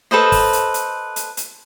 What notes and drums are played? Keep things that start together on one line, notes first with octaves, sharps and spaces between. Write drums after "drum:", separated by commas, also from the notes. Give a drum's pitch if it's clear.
A4 B4 C5 D#5
drum: kick, open hi-hat
drum: hi-hat
drum: hi-hat
drum: hi-hat
drum: hi-hat